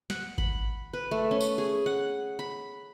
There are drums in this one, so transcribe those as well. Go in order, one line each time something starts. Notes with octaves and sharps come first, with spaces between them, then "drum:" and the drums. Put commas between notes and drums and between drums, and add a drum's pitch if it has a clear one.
F#5, drum: snare
B5, drum: kick G#1
B4
A3
C#4
drum: tambourine
G#4
F#5
B5